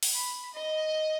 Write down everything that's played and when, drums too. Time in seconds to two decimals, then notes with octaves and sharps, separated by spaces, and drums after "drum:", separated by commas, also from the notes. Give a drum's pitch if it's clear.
0.03 drum: open hi-hat
0.14 B5
0.54 D#5